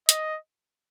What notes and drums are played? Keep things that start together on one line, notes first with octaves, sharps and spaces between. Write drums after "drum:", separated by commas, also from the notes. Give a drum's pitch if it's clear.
D#5, drum: hi-hat